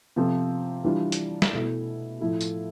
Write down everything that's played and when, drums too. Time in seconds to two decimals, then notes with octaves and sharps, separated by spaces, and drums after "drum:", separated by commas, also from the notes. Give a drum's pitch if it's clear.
0.16 C3 F3 C4 F4 A4
0.83 E3 G3 D4 F4
1.12 drum: hi-hat
1.42 drum: snare
1.53 B2 A3 E4
2.20 A2 F3 A3 E4 A4
2.41 drum: tambourine